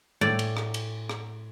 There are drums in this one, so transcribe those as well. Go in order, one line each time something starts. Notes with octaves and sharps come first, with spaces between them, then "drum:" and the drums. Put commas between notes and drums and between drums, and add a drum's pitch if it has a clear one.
A2 D5, drum: tom
drum: cymbal
drum: rim click
drum: cymbal
drum: rim click